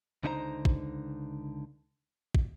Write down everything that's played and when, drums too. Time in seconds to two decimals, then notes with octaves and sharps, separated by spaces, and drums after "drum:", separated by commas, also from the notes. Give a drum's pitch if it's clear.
0.23 C#2 D3 D#4 E4 C5 A#5
0.65 drum: kick
2.35 drum: kick